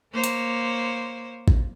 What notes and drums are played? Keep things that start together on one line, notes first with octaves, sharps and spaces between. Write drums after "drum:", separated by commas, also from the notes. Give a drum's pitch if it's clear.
A#3 C5 C#5
drum: hi-hat
drum: kick A1